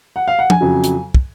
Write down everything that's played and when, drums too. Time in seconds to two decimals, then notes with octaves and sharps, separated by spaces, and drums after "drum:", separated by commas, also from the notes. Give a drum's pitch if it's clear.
0.16 F#5
0.28 F5
0.39 F#5
0.50 G#5, drum: tom F3
0.61 F2 C#3 F#3
0.84 drum: hi-hat
1.15 drum: kick